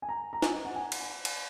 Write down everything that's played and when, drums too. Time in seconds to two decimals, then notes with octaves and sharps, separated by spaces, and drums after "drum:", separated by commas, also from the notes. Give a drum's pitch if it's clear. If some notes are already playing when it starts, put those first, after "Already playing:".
0.02 G#5
0.09 A#5
0.33 A#5
0.42 G#5, drum: snare
0.65 F#5
0.76 G#5
0.92 drum: cymbal
1.25 drum: cymbal